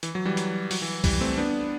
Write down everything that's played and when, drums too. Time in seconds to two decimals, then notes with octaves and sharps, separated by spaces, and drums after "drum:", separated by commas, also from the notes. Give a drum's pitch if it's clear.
0.03 E3, drum: hi-hat
0.15 F#3
0.25 E3 G3
0.37 F#3, drum: hi-hat
0.71 F#3, drum: open hi-hat
0.82 E3
1.04 E3 G3, drum: kick, open hi-hat
1.21 A3 C4
1.38 B3 D4